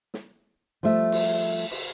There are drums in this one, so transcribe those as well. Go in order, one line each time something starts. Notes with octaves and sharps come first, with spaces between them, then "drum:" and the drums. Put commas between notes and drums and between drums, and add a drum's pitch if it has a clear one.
drum: snare
F3 G3 A3 E5
drum: cymbal
drum: cymbal